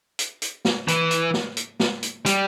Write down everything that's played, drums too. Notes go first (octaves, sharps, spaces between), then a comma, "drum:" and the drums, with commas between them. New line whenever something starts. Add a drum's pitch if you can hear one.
drum: hi-hat
drum: hi-hat
drum: snare
E3, drum: hi-hat
drum: hi-hat
drum: snare
drum: hi-hat
drum: snare
drum: hi-hat
G3, drum: hi-hat